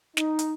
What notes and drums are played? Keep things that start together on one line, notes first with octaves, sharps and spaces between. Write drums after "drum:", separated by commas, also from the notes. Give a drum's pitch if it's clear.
D#4, drum: snare
drum: hi-hat